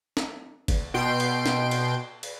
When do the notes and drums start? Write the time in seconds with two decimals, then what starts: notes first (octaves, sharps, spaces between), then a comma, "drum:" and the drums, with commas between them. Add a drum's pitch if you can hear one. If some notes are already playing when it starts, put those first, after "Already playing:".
0.17 drum: snare
0.68 drum: kick F#1, cymbal
0.94 B2 G5 C6 D7
1.20 drum: cymbal
1.46 drum: snare
1.71 drum: cymbal
2.23 drum: cymbal